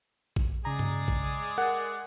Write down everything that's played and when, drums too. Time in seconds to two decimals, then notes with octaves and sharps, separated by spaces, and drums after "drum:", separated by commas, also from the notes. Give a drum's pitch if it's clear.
0.36 drum: kick A1
0.65 C#3 G#3 G#4 D5 A#5
0.79 drum: tom G2
1.08 drum: kick A1
1.58 A#4 F#5